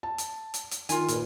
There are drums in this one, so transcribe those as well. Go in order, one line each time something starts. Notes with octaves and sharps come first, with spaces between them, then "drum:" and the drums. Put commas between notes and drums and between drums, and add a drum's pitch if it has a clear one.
A5
drum: hi-hat
drum: hi-hat
drum: hi-hat
D#3 F4 G#5, drum: hi-hat
A#2 B4, drum: hi-hat